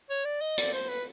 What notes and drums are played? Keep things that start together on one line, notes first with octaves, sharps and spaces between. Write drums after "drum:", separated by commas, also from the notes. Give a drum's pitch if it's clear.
C#5
D5
D#5
D5, drum: hi-hat
C5
B4